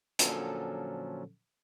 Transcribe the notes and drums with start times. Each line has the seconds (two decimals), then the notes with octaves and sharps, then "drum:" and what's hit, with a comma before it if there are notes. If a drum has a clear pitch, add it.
0.19 A#2 D3 F3 F#3 C#4 A4, drum: hi-hat